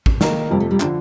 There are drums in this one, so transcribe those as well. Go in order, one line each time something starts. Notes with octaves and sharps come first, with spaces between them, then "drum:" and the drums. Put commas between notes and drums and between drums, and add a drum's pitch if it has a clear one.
drum: kick A1
D#3 A#3 D#4 A#4, drum: snare
F2 C3 F3 G3
A3
G3
D3 F3 D4, drum: clap